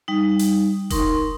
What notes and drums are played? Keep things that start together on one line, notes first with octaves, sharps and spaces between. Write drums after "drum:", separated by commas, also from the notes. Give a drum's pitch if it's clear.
G3 D#4
drum: hi-hat
D#4 A#4 C6 C#6, drum: kick E1, hi-hat